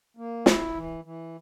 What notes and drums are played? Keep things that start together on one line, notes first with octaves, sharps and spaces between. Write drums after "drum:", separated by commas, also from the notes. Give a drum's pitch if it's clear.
A#3
E4, drum: snare
E3
E3